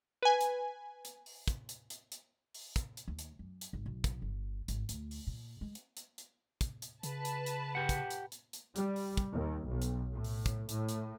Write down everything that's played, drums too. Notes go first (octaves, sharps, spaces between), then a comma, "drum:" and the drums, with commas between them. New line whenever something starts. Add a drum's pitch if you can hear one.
B4 G#5
drum: hi-hat
drum: hi-hat
drum: open hi-hat
drum: kick, hi-hat
drum: hi-hat
drum: hi-hat
drum: hi-hat
drum: open hi-hat
drum: kick, hi-hat
drum: hi-hat
D#2
drum: hi-hat
F#2
drum: hi-hat
G#1
B1
drum: kick, hi-hat
G1
G#1, drum: hi-hat
D2, drum: hi-hat
drum: open hi-hat
A#2
G#3
drum: hi-hat
drum: hi-hat
drum: hi-hat
drum: kick, hi-hat
drum: hi-hat
C#3 B4 A5, drum: hi-hat
drum: hi-hat
drum: hi-hat
G4 F#5
drum: kick, hi-hat
drum: hi-hat
drum: hi-hat
drum: hi-hat
G3, drum: hi-hat
drum: open hi-hat
drum: kick, hi-hat
D#2
B1
drum: hi-hat
A2
drum: open hi-hat
drum: kick, hi-hat
A2, drum: hi-hat
drum: hi-hat